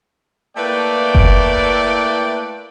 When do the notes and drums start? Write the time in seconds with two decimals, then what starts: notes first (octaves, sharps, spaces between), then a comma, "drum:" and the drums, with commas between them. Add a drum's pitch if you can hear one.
0.57 A3 A#3 E4 B4 D5 G5
1.15 drum: kick F#1